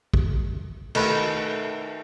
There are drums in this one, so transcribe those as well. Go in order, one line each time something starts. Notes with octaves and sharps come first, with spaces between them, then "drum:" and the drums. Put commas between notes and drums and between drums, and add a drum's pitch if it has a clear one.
drum: kick
D#3 A3 B4, drum: cymbal